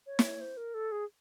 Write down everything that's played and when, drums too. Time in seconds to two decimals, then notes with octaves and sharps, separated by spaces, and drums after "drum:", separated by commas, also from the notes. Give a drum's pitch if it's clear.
0.06 C#5
0.19 drum: snare
0.41 C5
0.57 A#4
0.74 A4
0.92 G#4